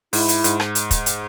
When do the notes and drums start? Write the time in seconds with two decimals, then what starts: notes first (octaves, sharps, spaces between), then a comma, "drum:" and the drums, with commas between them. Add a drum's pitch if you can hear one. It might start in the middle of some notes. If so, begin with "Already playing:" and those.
0.13 G#2 E4, drum: open hi-hat
0.29 drum: hi-hat
0.44 G#2, drum: hi-hat
0.60 drum: rim click
0.75 drum: hi-hat
0.91 drum: kick, hi-hat
1.06 drum: hi-hat